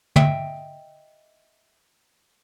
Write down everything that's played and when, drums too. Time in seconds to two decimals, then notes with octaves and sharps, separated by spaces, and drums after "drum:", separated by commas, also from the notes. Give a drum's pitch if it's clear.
0.16 D#5 E5 G5, drum: tom